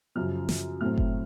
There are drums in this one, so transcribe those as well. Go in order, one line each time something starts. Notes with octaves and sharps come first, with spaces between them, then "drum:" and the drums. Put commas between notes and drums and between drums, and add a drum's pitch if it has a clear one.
F#2 C#3 F3 F6
drum: snare
A2 F#3 A3 C4 F6
drum: kick F#1